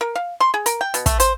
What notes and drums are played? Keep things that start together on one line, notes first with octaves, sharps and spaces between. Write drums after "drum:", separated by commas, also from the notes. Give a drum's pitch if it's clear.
A#4
F5
C6
G#4
A#4, drum: hi-hat
G5
B2, drum: hi-hat
A3, drum: kick, hi-hat
C5, drum: hi-hat